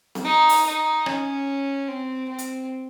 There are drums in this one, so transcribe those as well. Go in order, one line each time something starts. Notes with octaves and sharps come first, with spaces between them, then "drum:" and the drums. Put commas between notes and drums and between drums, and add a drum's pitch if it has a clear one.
drum: snare C4
D#4
drum: open hi-hat
D#4
C#4, drum: rim click
C4
C4
drum: hi-hat